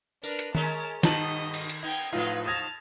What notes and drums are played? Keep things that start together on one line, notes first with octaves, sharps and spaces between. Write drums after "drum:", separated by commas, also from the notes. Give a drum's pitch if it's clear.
D4 A#4 B4, drum: tambourine
drum: hi-hat
G#3 C#4 A#4 A5, drum: tom D#3
G2 B2 D#3 D#5 A5 F#7, drum: snare
drum: cymbal
drum: hi-hat
B3 D#4 G5 G#6
A2 F3 F#3 D#4 F4 B4
A5 D#6 F6 G#6 A#6